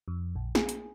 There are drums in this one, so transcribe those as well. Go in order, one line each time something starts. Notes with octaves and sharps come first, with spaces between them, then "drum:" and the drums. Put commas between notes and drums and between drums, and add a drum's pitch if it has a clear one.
F2
A#1
G#4, drum: snare
drum: hi-hat